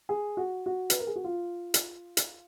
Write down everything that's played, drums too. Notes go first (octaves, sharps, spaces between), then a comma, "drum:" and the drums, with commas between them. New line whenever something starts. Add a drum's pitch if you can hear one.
G#4
F#4
F#4
B4, drum: hi-hat
A#4
G#4
F#4
F4
drum: hi-hat
drum: hi-hat